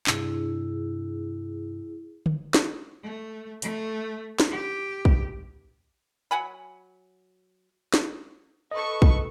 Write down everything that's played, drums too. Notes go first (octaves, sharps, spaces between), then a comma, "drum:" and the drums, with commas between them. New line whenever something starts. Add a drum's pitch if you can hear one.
G2 C3 D4 E4 G#4, drum: clap
drum: tom D3
drum: snare
A3
A3, drum: hi-hat
drum: snare
G4
drum: kick
F#3 F#5 G#5 B5
drum: snare
A4 B4 D#5 C#6
drum: kick